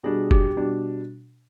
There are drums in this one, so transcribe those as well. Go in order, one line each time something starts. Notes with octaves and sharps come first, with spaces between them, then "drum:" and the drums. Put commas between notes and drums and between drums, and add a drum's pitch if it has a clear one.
B2 G3 D4 G#4
G4, drum: kick F#1
B2 G3 D4